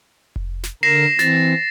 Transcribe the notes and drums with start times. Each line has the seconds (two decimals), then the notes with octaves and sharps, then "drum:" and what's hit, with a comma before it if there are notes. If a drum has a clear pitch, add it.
0.36 drum: kick F1
0.63 drum: snare
0.83 D3 A#4 A#6 C7 E7
1.19 E3 C4 A6, drum: snare